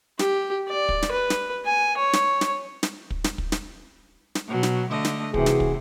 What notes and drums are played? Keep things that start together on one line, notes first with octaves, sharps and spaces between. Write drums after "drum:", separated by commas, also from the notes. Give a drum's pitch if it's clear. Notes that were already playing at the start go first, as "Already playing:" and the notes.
G4, drum: snare
D5
drum: kick
drum: snare
B4
drum: snare
G#5
C#5
drum: snare
drum: snare
drum: snare
drum: kick
drum: snare
drum: kick
drum: snare
drum: snare
B2 F#3
drum: snare
D3 A3 D#5
drum: snare
C3 E3 F#4 G#4, drum: kick
drum: snare
drum: kick